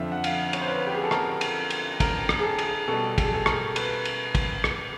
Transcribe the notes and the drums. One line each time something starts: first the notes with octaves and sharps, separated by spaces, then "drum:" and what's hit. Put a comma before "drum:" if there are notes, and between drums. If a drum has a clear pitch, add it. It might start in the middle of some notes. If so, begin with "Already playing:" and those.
Already playing: F2 D3 F3 E5
F#5
F5, drum: cymbal
C#5, drum: cymbal
C5
B4
G4
G#4
A4
A#4, drum: rim click
drum: cymbal
drum: cymbal
A#4, drum: kick, cymbal
drum: rim click
G#4
A4
drum: cymbal
B2 G3 A4
A4, drum: kick, cymbal
G#4
A4
A#4, drum: rim click
B4, drum: cymbal
drum: cymbal
drum: kick, cymbal
drum: rim click